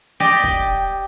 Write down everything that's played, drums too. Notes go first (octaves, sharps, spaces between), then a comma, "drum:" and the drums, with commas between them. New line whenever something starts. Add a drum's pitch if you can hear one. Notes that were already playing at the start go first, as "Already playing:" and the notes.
G4 D5 D#5 G5
drum: kick